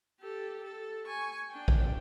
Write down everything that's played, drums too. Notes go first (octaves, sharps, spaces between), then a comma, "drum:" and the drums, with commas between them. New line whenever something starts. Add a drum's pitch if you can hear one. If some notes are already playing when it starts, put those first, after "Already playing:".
G4 A4
A4
G#5 C#6
D4 G5
drum: kick